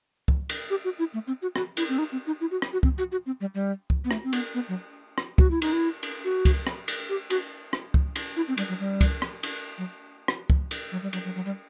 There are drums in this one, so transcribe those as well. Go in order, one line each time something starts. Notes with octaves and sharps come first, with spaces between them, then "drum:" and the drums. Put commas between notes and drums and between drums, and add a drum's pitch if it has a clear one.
drum: kick C#2
drum: cymbal
G4
F#4
E4
A3
C4
F#4
F#4, drum: rim click
E4, drum: cymbal
C4
D#4
C4
D#4
E4
F#4
drum: rim click
F#4
C4, drum: kick C#2
F#4
F#4
C4
G3
G3
drum: kick C#2
B3
A3, drum: rim click
C4
B3, drum: cymbal
B3
F#3
drum: rim click
F#4, drum: kick C#2
E4
D#4, drum: cymbal
E4
drum: cymbal
F#4
drum: kick C#2, cymbal
drum: rim click
drum: cymbal
G4
F#4, drum: cymbal
drum: rim click
drum: kick C#2
drum: cymbal
E4
C4
G3, drum: cymbal
F#3
G3
drum: kick C#2, cymbal
drum: rim click
drum: cymbal
F#3
drum: rim click
drum: kick C#2
drum: cymbal
F#3
G3
F#3, drum: cymbal
F#3
F#3
G3